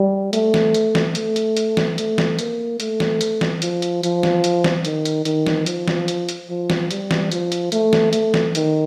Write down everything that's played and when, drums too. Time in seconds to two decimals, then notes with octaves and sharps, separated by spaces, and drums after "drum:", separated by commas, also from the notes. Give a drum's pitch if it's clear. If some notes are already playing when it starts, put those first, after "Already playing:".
Already playing: G3
0.33 A3, drum: hi-hat
0.54 drum: snare
0.74 drum: hi-hat
0.95 drum: snare
1.15 A3, drum: hi-hat
1.36 drum: hi-hat
1.57 drum: hi-hat
1.77 drum: snare
1.98 A3, drum: hi-hat
2.18 drum: snare
2.39 A#3, drum: hi-hat
2.80 A3, drum: hi-hat
3.00 drum: snare
3.21 drum: hi-hat
3.41 drum: snare
3.62 F3, drum: hi-hat
3.82 drum: hi-hat
4.03 F3, drum: hi-hat
4.23 drum: snare
4.44 drum: hi-hat
4.64 drum: snare
4.85 D#3, drum: hi-hat
5.05 drum: hi-hat
5.25 D#3, drum: hi-hat
5.46 drum: snare
5.66 F3, drum: hi-hat
5.88 drum: snare
6.08 drum: hi-hat
6.29 drum: hi-hat
6.50 F3
6.70 drum: snare
6.91 G3, drum: hi-hat
7.11 drum: snare
7.32 F3, drum: hi-hat
7.52 drum: hi-hat
7.72 A3, drum: hi-hat
7.93 drum: snare
8.13 A3, drum: hi-hat
8.34 drum: snare
8.55 D#3, drum: hi-hat